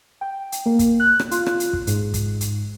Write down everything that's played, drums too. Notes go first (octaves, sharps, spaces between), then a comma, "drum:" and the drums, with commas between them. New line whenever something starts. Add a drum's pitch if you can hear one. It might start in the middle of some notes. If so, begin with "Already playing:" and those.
G5
drum: hi-hat
A#3
drum: kick, hi-hat
F#6
drum: rim click
F4, drum: hi-hat
drum: rim click
drum: hi-hat
drum: kick
G#2, drum: hi-hat
drum: kick, hi-hat
drum: hi-hat